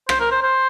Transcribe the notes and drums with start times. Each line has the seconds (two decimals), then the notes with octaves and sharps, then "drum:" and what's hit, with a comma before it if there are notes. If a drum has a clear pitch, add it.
0.09 C5, drum: rim click
0.20 A#4
0.32 C5
0.43 C5